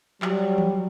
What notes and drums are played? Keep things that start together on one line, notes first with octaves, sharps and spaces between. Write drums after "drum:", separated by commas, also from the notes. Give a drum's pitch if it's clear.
F#3 G3, drum: clap
drum: tom E3